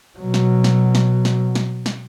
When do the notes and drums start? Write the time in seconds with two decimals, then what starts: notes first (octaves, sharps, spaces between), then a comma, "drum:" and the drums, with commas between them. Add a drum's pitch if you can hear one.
0.19 B2 F#3
0.34 drum: snare
0.64 drum: snare
0.95 drum: snare
1.25 drum: snare
1.55 drum: snare
1.86 drum: snare